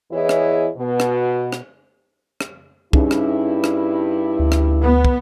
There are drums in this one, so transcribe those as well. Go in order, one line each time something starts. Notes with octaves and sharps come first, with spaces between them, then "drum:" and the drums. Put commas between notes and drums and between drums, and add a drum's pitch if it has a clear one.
E2 E3 E4 G#4 C#5 D#5
drum: rim click
B2
drum: rim click
drum: rim click
drum: rim click
G2 C#4 D#4 E4 G#4, drum: kick
drum: rim click
drum: rim click
D2
drum: rim click
B3
drum: kick